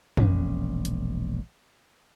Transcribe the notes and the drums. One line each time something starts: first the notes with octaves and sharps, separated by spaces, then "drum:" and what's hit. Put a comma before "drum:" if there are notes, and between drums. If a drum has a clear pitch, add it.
E1 A#1 C#4, drum: tom
drum: hi-hat